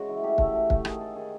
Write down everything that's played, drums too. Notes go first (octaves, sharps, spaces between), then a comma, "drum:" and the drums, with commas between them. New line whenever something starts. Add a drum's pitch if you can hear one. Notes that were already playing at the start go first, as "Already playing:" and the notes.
Already playing: C#3 G#3 F#4
E3
A3 G4
A3, drum: kick
A3
A3, drum: kick
D#3 G#4, drum: rim click
D#3 A4
D#3 G#4